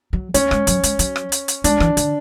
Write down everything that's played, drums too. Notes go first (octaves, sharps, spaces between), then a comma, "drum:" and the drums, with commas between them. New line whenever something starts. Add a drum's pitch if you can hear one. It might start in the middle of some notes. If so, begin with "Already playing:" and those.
F#3
A3 C#4, drum: hi-hat
G#3, drum: rim click
F#3, drum: hi-hat
G#3, drum: hi-hat
F#3, drum: hi-hat
drum: rim click
drum: hi-hat
drum: hi-hat
G#3 D4, drum: hi-hat
E3, drum: rim click
D3, drum: hi-hat